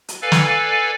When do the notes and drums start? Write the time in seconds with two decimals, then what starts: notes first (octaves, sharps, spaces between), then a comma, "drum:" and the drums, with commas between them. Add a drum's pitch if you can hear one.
0.08 drum: hi-hat
0.22 A4 B4 D5 F5 G#5
0.32 drum: snare